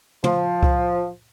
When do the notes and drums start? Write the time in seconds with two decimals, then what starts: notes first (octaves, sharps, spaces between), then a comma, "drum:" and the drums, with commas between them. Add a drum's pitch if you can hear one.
0.24 F3, drum: tom
0.63 drum: kick C2